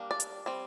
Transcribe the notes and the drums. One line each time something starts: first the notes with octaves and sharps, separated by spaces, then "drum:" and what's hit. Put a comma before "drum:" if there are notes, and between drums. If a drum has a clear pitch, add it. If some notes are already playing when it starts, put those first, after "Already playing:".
Already playing: G3 A#3 D4
D5
drum: hi-hat
G3 C4